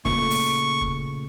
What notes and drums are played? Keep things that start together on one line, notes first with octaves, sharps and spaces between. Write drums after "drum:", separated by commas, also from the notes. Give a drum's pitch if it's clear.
A#2 C#3 A3 C#6, drum: kick F1
drum: open hi-hat
drum: kick F1